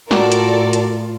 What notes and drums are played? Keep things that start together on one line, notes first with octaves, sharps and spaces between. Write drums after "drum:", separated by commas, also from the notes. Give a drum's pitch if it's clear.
A2 F4 F#4 A4 A#4 D5 G5 D6, drum: snare
drum: hi-hat
drum: hi-hat